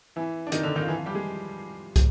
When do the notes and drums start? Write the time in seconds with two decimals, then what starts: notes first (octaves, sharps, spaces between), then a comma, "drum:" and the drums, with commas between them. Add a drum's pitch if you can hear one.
0.16 E3 E4
0.47 D4
0.52 D#3 D#4, drum: hi-hat
0.63 D3 D4
0.76 D#3 D#4
0.83 F4
0.88 E3 E4
0.97 F3 F4
1.06 G3 G4
1.15 G#3 G#4
1.96 drum: kick, hi-hat